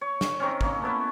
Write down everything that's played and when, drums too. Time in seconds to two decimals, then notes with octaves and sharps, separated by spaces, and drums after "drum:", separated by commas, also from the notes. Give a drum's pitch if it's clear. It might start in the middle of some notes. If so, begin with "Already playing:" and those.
0.01 C#5
0.21 drum: snare
0.40 D#3 C4 C#4
0.61 A#3 C#4, drum: kick
0.82 A3 B3 E4 B4